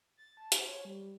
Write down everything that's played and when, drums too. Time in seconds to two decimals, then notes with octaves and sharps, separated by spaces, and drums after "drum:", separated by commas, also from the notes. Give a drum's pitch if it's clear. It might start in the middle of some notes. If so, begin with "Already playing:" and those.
0.17 A6
0.37 A5
0.52 C5, drum: hi-hat
0.68 C#5
0.85 G3